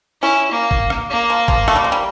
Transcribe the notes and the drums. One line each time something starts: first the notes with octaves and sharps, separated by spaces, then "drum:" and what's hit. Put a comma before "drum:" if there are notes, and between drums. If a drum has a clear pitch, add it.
C#4 E4
A#3
drum: kick
drum: rim click
A#3
F3
F3, drum: kick
A3, drum: rim click
G3
F3
G3